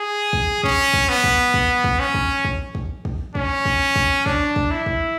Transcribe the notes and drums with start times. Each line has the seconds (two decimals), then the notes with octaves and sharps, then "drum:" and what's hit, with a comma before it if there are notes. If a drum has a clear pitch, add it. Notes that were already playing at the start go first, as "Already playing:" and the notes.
Already playing: G#4
0.33 drum: kick
0.63 C#4, drum: kick
0.94 drum: kick
1.09 B3
1.24 drum: kick
1.54 drum: kick
1.84 drum: kick
2.00 C#4
2.14 drum: kick
2.45 drum: kick
2.75 drum: kick
3.05 drum: kick
3.35 C#4, drum: kick
3.65 drum: kick
3.96 drum: kick
4.26 D4, drum: kick
4.56 drum: kick
4.71 E4
4.86 drum: kick